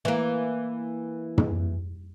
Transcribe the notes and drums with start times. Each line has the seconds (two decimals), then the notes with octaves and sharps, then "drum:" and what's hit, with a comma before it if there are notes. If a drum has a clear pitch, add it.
0.05 E3 A#3
1.38 drum: tom